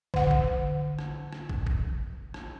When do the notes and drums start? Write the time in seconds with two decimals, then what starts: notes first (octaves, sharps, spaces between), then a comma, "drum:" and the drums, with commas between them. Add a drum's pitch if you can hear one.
0.14 D3 F#5, drum: kick
0.31 drum: kick
0.99 drum: rim click
1.33 drum: rim click
1.49 drum: kick
1.66 drum: kick
2.34 drum: rim click